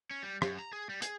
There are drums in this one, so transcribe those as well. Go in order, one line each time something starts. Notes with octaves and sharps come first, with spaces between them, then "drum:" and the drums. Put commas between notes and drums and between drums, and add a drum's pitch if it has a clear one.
C#4
G3
F#2, drum: rim click
A#5
G#4
G3
G#4, drum: hi-hat